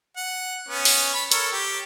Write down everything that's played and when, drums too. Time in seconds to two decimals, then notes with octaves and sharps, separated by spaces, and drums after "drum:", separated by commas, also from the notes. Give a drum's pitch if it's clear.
0.17 F#5
0.68 B3 C#4
0.85 drum: open hi-hat
1.14 B5
1.32 A4 A#4 C#5, drum: hi-hat
1.52 G4